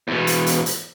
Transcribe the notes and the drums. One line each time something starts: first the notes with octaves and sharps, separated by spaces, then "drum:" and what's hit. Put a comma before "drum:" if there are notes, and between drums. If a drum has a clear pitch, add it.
E2 B2
drum: hi-hat
drum: hi-hat
drum: hi-hat